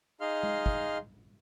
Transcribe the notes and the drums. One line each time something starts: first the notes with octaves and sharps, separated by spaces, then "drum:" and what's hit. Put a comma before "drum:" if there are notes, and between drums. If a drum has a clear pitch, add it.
D#4 G#4 D#5 F5 C6 F6
drum: tom G#3
drum: kick